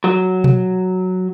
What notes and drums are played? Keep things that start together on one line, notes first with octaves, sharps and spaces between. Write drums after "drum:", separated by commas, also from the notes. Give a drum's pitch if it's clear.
F#3
drum: tom B2